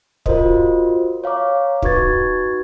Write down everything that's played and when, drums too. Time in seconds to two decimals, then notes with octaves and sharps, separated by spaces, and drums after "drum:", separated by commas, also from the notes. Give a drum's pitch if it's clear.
0.26 F4 F#4 A#4 C5 D#5, drum: kick
1.24 C#5 F5 A#5 D6
1.82 D#4 F#4 B4 C#6 G#6 A6, drum: kick